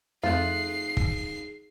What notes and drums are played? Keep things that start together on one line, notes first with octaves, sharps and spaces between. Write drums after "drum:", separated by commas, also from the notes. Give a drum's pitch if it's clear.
F2 A3 D#4 F4 G#4 F#6 C7
drum: kick